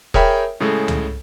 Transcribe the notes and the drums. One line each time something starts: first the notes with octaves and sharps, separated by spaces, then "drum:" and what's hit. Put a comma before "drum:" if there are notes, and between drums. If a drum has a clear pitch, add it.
G#4 A#4 C#5 E5 G5 B5, drum: kick E1
A2 C#3 G#3 G#4 A4
drum: tom